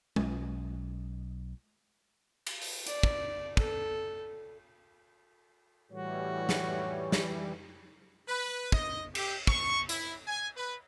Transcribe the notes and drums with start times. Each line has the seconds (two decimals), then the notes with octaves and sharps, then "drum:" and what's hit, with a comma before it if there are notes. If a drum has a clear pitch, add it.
0.16 B1 B2 F#3 C#4, drum: tom G#3
2.47 drum: cymbal
2.62 drum: open hi-hat
2.87 D5, drum: hi-hat
3.03 drum: kick
3.57 A4, drum: kick
5.92 A2 E3 G3 F#4 C#5
6.49 drum: snare
7.12 drum: snare
8.28 B4
8.72 D#5, drum: kick
9.15 G4, drum: cymbal
9.47 C#6, drum: kick
9.89 E4, drum: hi-hat
10.27 G#5
10.56 B4